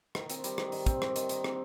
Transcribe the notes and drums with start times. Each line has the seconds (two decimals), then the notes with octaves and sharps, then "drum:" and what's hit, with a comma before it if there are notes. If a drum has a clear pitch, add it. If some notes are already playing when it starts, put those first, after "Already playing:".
0.15 D#3, drum: rim click
0.30 C4, drum: hi-hat
0.44 G3, drum: hi-hat
0.58 D#3, drum: rim click
0.72 D#3, drum: open hi-hat
0.86 C4, drum: kick, hi-hat
1.02 G3, drum: rim click
1.16 D#3, drum: hi-hat
1.29 D#3, drum: hi-hat
1.44 C4, drum: rim click